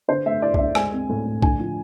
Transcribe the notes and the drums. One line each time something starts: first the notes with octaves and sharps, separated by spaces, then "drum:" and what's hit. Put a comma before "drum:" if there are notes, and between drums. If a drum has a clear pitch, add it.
D3 C5
A3 E5
E4 D5
D5, drum: kick
D2 E5
G#3 G#5, drum: rim click
C4
A2
A2
D3 G#5, drum: kick
F3